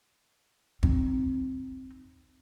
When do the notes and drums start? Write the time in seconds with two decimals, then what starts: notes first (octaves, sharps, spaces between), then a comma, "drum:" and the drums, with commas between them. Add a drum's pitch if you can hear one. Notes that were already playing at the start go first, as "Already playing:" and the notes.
0.83 C4 D#4, drum: kick G#1